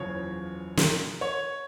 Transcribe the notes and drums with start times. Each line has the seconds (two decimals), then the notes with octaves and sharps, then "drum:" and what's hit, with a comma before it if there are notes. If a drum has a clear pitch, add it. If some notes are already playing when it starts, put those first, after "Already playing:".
Already playing: F#1 E2 C#3 F3 C#5
0.77 drum: snare
1.21 C#5